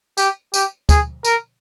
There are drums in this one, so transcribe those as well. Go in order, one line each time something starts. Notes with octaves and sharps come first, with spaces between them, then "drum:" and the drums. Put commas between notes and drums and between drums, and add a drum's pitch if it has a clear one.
G4, drum: tambourine
G4, drum: tambourine
G#4, drum: kick, tambourine
A#4, drum: tambourine